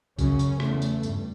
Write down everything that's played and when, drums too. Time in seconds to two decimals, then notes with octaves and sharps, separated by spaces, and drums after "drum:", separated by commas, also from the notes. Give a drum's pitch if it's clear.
0.19 F#2 C#3 C#4, drum: kick A#1, tambourine
0.39 drum: tambourine
0.60 E2 C#3 A3, drum: rim click
0.82 drum: tambourine
1.03 G2, drum: tambourine